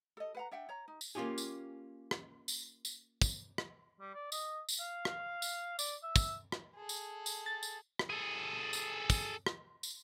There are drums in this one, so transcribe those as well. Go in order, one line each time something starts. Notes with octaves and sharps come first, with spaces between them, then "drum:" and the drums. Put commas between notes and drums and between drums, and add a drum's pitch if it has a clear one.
A4 D#5
B4 F#5 A#5
D4 E5 F#5 G5
C#5 A#5
D#4
drum: tambourine
A#3 C#4 F4 G4 G#4
drum: tambourine
drum: rim click
drum: tambourine
drum: tambourine
drum: kick, tambourine
drum: rim click
G3
D5
D#5, drum: tambourine
drum: tambourine
F5
drum: rim click
drum: tambourine
D5, drum: tambourine
E5
drum: kick, tambourine
drum: rim click
G#4 A4
drum: tambourine
drum: tambourine
A6
drum: tambourine
drum: rim click
G#4 A4
drum: tambourine
drum: kick, tambourine
drum: rim click
drum: tambourine